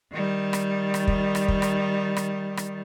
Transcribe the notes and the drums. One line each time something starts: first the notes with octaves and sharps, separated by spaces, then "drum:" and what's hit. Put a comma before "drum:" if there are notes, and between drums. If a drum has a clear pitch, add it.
D#3 G3
drum: rim click
drum: rim click
drum: kick
drum: rim click
drum: kick
drum: rim click
drum: rim click
drum: rim click